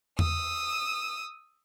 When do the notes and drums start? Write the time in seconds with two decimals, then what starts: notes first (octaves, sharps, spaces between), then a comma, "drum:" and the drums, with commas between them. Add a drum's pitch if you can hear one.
0.19 D#6 E6, drum: tom E2